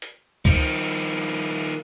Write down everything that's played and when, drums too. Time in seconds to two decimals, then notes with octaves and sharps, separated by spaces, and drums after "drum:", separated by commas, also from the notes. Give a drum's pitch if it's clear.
0.02 drum: hi-hat
0.45 D#3 F3, drum: kick C#2